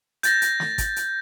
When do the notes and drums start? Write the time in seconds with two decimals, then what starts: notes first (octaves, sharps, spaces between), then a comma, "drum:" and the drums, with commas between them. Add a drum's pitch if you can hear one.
0.23 G6 A6 A#6, drum: hi-hat
0.42 drum: hi-hat
0.60 drum: snare
0.78 drum: kick, hi-hat
0.96 drum: hi-hat